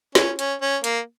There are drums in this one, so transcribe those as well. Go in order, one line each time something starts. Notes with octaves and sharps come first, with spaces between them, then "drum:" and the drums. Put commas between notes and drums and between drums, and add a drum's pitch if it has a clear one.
C#4, drum: snare
C#4, drum: hi-hat
C#4
A#3, drum: hi-hat